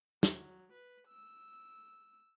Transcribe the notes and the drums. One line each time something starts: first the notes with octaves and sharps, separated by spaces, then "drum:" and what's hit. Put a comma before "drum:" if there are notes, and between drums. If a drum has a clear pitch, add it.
F#3, drum: snare
B4
E6